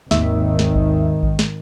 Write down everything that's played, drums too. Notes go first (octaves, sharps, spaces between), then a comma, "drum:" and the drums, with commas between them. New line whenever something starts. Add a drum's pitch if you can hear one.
G#1 D#2 D#3 E5, drum: snare
drum: snare
drum: kick A1
drum: kick A1
drum: snare